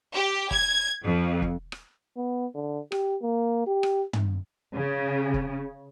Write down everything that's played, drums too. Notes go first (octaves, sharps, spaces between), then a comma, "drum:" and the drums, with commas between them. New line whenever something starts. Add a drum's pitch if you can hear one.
G4
G#6, drum: kick
F2
drum: kick
drum: rim click
B3
D3
G4, drum: rim click
A#3
G4
drum: rim click
drum: tom
C#3
drum: kick